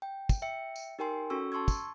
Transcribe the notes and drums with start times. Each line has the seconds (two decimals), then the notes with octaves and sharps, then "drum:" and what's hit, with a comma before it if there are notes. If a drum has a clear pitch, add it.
0.02 G5
0.29 drum: kick, tambourine
0.42 E5 G5 C#7
0.76 drum: tambourine
0.99 D#4 G4 A#4 G5 G#5 C6
1.30 C#4 F#4 A4 C#6 E6
1.52 A5 C6 C#6 E6 G#6
1.68 drum: kick, tambourine